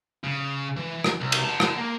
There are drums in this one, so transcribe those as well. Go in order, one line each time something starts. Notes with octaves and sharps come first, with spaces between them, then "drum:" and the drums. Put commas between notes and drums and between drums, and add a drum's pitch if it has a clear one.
C#3
E3
drum: rim click
C2
drum: cymbal
F#5 A5
drum: rim click
A#3